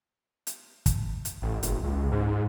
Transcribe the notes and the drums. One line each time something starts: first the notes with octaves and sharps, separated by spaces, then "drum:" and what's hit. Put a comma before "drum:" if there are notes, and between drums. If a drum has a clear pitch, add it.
drum: hi-hat
drum: kick, hi-hat
drum: hi-hat
A1
F#1, drum: hi-hat
C#2
G#2